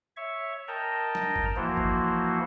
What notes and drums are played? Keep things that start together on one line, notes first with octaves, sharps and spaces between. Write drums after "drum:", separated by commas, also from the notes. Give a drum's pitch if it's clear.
C#5 E5 C#6
A#4 D#5 G5 A5 A#5
drum: snare
drum: kick G1
E3 F3 A#3 E4 F#4 C5
drum: kick G1